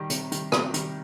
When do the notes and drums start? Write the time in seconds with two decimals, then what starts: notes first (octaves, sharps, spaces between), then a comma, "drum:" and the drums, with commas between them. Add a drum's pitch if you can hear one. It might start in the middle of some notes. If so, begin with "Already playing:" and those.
Already playing: D#3 G3 G4
0.10 C3, drum: hi-hat
0.32 D#3 G3, drum: hi-hat
0.52 C3 F#4, drum: rim click
0.67 G4
0.74 D#3 G3, drum: hi-hat